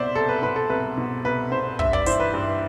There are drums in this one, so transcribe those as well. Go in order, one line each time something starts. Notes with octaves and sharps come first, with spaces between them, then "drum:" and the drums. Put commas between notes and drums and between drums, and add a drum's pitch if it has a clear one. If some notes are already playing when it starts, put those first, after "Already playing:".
Already playing: C2 B2 C5 D5 E5
C2 A4
B4
B2 B4
A4
C2 B4
B2
C2 B4
B2 C5
G2 E5, drum: kick
D5, drum: kick
E3 C5, drum: hi-hat
B4
G2